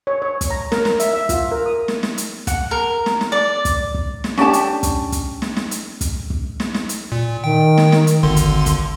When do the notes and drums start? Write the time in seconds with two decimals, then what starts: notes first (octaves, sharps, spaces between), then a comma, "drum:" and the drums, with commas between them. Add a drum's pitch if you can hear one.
0.07 C#5
0.22 C#5
0.41 drum: kick, hi-hat
0.51 A#5
0.72 A#4, drum: snare
0.85 drum: snare
1.00 E5, drum: hi-hat
1.13 E5
1.29 F4, drum: kick, hi-hat
1.52 A#4
1.66 D#6
1.88 drum: snare
2.03 drum: snare
2.18 drum: hi-hat
2.47 F#5, drum: kick, hi-hat
2.71 A#4
3.06 drum: snare
3.21 drum: snare
3.32 D5
3.65 drum: kick, hi-hat
3.94 drum: kick
4.24 drum: snare
4.37 C#4 D4 G4 A5, drum: snare
4.53 drum: hi-hat
4.83 drum: kick, hi-hat
5.12 drum: kick, hi-hat
5.42 drum: snare
5.57 drum: snare
5.71 drum: hi-hat
6.01 drum: kick, hi-hat
6.30 drum: kick
6.60 drum: snare
6.74 drum: snare
6.89 drum: hi-hat
7.12 A#2
7.44 D#3 G5
7.78 drum: snare
7.92 drum: snare
8.07 drum: hi-hat
8.23 G#1 D3 C6
8.36 drum: kick, hi-hat
8.66 drum: kick, hi-hat